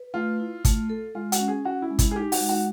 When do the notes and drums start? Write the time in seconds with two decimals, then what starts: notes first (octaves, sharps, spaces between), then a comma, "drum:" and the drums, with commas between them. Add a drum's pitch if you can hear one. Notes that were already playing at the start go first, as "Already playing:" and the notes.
Already playing: B4
0.14 A3 F4
0.40 E4
0.65 A3, drum: kick, hi-hat
0.90 A4
1.15 G#3 F4
1.32 F#4, drum: hi-hat
1.40 C#4
1.48 G#4
1.65 C#4 F#4
1.82 E4
1.90 G#3
1.99 E4, drum: kick, hi-hat
2.11 G#4
2.15 D#4 G4
2.32 F#4, drum: open hi-hat
2.41 G#3
2.49 F#4